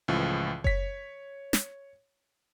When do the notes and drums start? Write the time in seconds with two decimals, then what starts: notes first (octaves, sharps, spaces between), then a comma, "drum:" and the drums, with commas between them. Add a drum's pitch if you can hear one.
0.08 C#2 A2 E3 F3
0.64 C#5 B6, drum: kick F#1
1.53 drum: snare